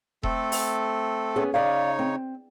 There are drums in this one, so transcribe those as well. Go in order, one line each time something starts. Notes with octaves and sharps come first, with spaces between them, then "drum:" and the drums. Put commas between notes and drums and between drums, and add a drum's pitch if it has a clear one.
A3 C4 A4, drum: kick E1
drum: open hi-hat
B3 C#4 G#4
C#3 D#4 C#5 D5 F5
C4